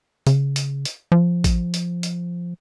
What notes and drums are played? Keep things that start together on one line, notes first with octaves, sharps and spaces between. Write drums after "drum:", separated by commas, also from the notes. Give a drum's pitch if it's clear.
C#3, drum: hi-hat
drum: hi-hat
drum: hi-hat
F3
drum: kick A1, hi-hat
drum: hi-hat
drum: hi-hat